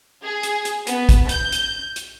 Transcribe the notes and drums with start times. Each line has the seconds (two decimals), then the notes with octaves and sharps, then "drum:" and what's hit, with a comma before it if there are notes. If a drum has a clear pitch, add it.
0.24 G#4
0.43 drum: hi-hat
0.65 drum: hi-hat
0.87 B3, drum: hi-hat
1.09 drum: kick, hi-hat
1.29 G6, drum: hi-hat
1.52 drum: hi-hat
1.96 drum: hi-hat